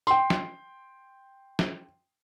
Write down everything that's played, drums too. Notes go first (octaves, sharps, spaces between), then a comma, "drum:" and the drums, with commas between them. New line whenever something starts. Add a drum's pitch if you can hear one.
G5 C6, drum: tambourine
drum: snare
drum: snare